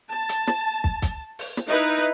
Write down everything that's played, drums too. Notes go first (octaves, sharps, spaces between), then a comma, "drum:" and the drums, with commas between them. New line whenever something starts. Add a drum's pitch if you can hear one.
A5
drum: hi-hat
drum: snare
drum: kick
drum: kick, hi-hat
drum: open hi-hat
drum: snare
D#4 E4 B4